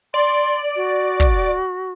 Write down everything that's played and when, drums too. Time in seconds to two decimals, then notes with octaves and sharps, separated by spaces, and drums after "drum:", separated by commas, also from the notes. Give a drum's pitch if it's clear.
0.14 D5 C6
0.76 F#4
1.20 drum: kick